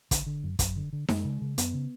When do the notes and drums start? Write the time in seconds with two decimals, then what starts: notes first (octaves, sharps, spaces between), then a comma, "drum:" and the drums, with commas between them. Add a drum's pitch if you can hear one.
0.11 D3, drum: kick, hi-hat
0.26 D3
0.44 F#2
0.59 F#2, drum: kick, hi-hat
0.76 D3
0.93 D3
1.08 F#2 G#3, drum: snare D#4
1.25 C#3
1.42 C#3
1.58 F#2 B3, drum: hi-hat
1.74 C#3